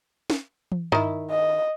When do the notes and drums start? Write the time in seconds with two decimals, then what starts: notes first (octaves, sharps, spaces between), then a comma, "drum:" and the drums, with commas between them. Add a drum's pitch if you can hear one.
0.30 drum: snare
0.72 drum: tom
0.92 D#3 E4, drum: tom G2
1.31 D#5